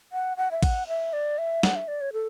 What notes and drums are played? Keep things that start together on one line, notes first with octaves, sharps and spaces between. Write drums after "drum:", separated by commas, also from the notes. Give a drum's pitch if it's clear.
F#5
F#5
E5
F#5, drum: kick A1, cymbal
E5
D5
E5
F#5, drum: snare
E5
D5
C#5
A4